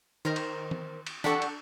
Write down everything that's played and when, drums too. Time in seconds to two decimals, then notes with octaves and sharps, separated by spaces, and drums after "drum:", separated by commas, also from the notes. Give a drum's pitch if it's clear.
0.25 D#3 A#4 C5
0.36 drum: cymbal
0.71 drum: tom D#3
1.07 drum: cymbal
1.24 D4 G4 A4 F#5 C#6, drum: snare
1.42 drum: cymbal